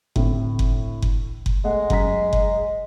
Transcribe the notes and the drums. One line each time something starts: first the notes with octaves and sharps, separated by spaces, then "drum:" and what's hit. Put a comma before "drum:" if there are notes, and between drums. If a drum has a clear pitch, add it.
A2 D3 C4, drum: kick F#1
drum: kick F#1
drum: kick F#1
drum: kick F#1
G#3 A3 F#5
F#2 A#5 B6, drum: kick F#1
drum: kick F#1